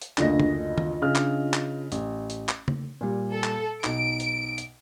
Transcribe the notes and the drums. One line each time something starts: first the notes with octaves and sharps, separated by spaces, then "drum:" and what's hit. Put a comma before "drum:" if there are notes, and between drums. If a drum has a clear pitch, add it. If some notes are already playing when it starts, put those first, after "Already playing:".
drum: hi-hat
F#1 D2 D4 F4 D#5 A#6, drum: clap
drum: tom C#3
drum: tom D#3
C#3 F6
drum: clap
drum: clap
A1, drum: hi-hat
drum: hi-hat
drum: clap
drum: tom C#3
A#2 G3
A4
drum: clap
B1 D#4 D7, drum: clap
drum: hi-hat
drum: hi-hat